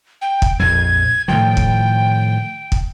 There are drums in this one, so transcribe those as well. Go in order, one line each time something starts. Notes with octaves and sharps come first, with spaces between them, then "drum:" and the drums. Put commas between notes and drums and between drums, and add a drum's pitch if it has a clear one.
G5
drum: kick
A#1 F2 G#6
A2 D#3 F3 G5
drum: kick
drum: kick